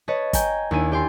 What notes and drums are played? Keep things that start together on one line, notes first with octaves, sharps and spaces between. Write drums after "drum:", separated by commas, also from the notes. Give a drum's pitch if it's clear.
B4 C#5 D#5 A5
G5 G#5 A#5, drum: kick, hi-hat
D#2 D4 E4 G#5 D#7
G4 D5 G5 G#5 C6